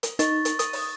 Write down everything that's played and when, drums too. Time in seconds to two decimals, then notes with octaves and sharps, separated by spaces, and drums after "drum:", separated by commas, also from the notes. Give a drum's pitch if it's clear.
0.03 drum: hi-hat
0.19 D#4 C#6 A6, drum: hi-hat
0.45 drum: hi-hat
0.59 D#6, drum: hi-hat
0.73 drum: open hi-hat